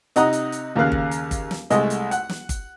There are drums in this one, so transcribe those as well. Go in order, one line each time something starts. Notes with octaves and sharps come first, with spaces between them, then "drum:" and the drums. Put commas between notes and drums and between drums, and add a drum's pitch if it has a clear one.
C3 D#4 D#5 F#5 A#5 D#6, drum: hi-hat
drum: hi-hat
drum: hi-hat
D#2 C#3 A#4 F5 F#6
drum: kick G1
drum: hi-hat
drum: kick G1, hi-hat
drum: snare
C2 G#3 A3 D#5, drum: hi-hat
drum: hi-hat
F#5, drum: hi-hat
drum: snare
drum: kick G1, hi-hat